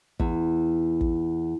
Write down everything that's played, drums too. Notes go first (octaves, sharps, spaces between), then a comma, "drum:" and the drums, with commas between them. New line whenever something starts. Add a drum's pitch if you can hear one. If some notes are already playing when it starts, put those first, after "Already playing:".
E2, drum: kick
drum: kick